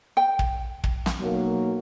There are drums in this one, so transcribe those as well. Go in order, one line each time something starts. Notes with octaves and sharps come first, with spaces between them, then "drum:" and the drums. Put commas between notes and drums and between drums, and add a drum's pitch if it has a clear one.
G5
drum: kick
drum: kick
drum: snare
B1 F#3 A#3